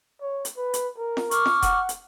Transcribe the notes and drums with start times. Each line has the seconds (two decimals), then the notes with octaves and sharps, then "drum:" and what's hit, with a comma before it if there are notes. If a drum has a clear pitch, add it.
0.21 C#5
0.45 drum: hi-hat
0.57 B4
0.74 drum: hi-hat
0.98 A#4
1.17 drum: snare
1.31 C#6 D6 F6, drum: hi-hat
1.46 drum: snare
1.62 F#5, drum: kick E1, hi-hat
1.89 drum: hi-hat